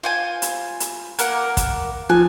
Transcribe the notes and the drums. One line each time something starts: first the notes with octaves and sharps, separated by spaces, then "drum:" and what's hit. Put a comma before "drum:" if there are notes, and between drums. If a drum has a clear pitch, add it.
F4 C5 G#5
drum: hi-hat
drum: hi-hat
A#3 A#4 F#5, drum: hi-hat
drum: kick, hi-hat
F3 G#5 F#6